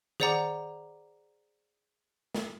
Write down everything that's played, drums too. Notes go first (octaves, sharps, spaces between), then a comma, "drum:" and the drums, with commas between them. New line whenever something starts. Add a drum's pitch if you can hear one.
G#4 C5 D5 F#5 A#5 D6, drum: tom D#3
drum: snare